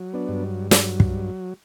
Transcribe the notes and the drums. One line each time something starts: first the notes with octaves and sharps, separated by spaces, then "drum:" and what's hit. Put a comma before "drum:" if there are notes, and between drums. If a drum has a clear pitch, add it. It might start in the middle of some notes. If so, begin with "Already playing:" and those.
Already playing: F#3
B3 D4
G2
F#3, drum: snare
drum: kick